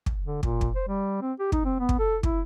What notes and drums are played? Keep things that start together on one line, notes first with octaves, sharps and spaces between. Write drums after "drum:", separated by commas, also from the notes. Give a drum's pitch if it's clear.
drum: kick
D3
A#2, drum: kick
drum: kick
C5
G3
C4
G4
D#4, drum: kick
C4
B3
drum: kick
A4
E4, drum: kick